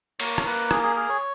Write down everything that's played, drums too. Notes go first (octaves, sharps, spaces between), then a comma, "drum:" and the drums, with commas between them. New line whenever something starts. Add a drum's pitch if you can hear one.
A#3 C#5, drum: cymbal
A#4, drum: rim click
A#3 B4
G#4, drum: rim click
G#4
G#4 A#4
C#5